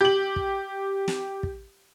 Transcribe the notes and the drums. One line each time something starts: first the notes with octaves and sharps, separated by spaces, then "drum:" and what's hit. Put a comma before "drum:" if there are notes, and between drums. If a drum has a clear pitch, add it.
G4 F#7
drum: kick
drum: snare
drum: kick